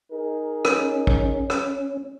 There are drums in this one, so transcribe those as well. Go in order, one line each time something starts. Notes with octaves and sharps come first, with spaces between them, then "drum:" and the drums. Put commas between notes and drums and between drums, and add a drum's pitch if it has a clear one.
D#4 G#4 A#4
C#4, drum: rim click
drum: kick
drum: rim click